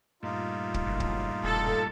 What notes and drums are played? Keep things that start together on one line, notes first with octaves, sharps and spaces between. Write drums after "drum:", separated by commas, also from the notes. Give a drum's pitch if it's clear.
G2 A#2 A3 D#4 F4
drum: kick
F#1
drum: kick
E1 A4